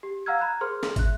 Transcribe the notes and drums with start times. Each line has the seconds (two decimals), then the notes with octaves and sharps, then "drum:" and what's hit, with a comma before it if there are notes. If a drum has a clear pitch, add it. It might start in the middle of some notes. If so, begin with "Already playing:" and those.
0.03 G4
0.26 F5 F#5 A#5 E6 F6 G#6
0.39 A#5 B5 F#6 G#6
0.61 G#4 A#4 C5 C6 F6
0.83 drum: snare
0.96 E5 F#6, drum: kick, hi-hat